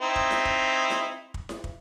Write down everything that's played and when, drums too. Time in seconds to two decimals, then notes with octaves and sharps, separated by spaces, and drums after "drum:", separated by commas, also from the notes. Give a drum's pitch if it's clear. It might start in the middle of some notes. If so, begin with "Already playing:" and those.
0.01 C4 D#4 E4
0.16 drum: kick
0.31 drum: snare E4
0.45 drum: kick
0.90 drum: snare E4
1.34 drum: kick
1.49 drum: snare E4
1.64 drum: kick